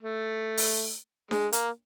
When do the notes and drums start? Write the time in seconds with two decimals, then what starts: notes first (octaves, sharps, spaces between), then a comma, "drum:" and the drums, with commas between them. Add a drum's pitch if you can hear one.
0.02 A3
0.57 drum: open hi-hat
1.31 G#3, drum: snare D4
1.52 A#3, drum: hi-hat